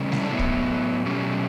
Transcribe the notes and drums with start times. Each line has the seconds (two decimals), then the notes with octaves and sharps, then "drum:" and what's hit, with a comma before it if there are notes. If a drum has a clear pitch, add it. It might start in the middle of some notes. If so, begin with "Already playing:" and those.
Already playing: C#3 G3 C#4
0.12 E4, drum: snare G3
0.21 D4
0.30 A2 F#3 B3 E4
0.39 drum: kick
1.05 B2 F#3 A3 C#4 G4